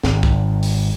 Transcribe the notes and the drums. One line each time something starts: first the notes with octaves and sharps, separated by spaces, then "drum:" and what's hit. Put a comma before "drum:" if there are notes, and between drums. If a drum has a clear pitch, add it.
G#1, drum: snare
drum: kick
drum: open hi-hat